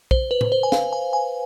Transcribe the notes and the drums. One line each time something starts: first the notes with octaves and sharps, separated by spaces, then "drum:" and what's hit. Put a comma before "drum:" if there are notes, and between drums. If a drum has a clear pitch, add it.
C5, drum: kick
B4
drum: tom A2
C5
G#5
F5, drum: snare
G#5
G#5